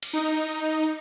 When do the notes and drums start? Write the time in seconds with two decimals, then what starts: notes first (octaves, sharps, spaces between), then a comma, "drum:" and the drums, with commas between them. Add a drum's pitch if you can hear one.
0.03 drum: cymbal
0.13 D#4